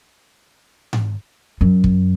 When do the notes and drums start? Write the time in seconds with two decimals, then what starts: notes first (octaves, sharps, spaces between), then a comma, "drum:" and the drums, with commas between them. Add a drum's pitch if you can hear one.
0.93 drum: tom G#2
1.61 F#2
1.84 drum: kick